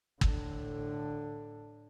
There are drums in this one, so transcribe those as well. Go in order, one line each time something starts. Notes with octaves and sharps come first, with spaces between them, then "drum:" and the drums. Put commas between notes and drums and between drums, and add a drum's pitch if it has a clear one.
A2 D3, drum: kick